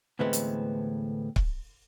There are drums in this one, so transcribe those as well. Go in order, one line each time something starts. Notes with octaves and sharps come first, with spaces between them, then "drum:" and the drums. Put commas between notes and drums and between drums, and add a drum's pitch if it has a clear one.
D2 A2 E3 G#3 B3 C4
drum: hi-hat
drum: kick C#1